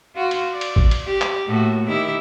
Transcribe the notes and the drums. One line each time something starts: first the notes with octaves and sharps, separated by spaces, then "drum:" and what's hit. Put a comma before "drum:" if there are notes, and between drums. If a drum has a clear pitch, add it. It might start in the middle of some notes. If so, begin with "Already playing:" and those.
F4 F#4
drum: cymbal
D5
drum: cymbal
drum: kick G#1
drum: cymbal
G4
drum: clap
A2 A#3 F#4
D#3 E4 G4